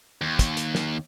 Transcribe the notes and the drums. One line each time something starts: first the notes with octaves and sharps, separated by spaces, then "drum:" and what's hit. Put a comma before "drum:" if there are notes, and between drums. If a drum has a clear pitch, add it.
D#2
drum: kick, hi-hat
drum: hi-hat
drum: snare